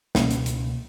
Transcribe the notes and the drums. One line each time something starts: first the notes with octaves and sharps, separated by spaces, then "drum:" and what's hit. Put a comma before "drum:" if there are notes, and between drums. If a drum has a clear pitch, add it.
C#2 B2 A#3 C#4, drum: snare
drum: hi-hat
drum: hi-hat